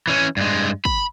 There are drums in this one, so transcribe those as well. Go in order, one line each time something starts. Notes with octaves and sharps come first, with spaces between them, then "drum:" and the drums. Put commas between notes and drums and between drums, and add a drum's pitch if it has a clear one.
E3 C#4
G2 G#3
B5, drum: kick